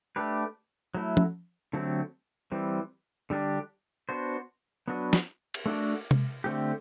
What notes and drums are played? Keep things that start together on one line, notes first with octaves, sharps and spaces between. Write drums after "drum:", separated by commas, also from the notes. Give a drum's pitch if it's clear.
A3 D4 G4 B4
F#3 A3 E4
drum: tom F3
D3 F#3 A3 C4 G4
E3 G3 C4
D3 G3 D4 G4
B3 D4 F#4 C5
F#3 B3 D4 F#4 B4
drum: snare
drum: cymbal
A3 D4 F#4
drum: tom C3
D3 A3 C4 G4